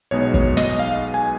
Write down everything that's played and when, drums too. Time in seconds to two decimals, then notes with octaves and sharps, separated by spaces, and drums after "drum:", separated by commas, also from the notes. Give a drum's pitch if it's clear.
0.11 B1 B2 G#3 B3 D#4 C#5
0.34 C#5, drum: kick
0.57 D#5, drum: snare
0.79 F5
1.14 G#5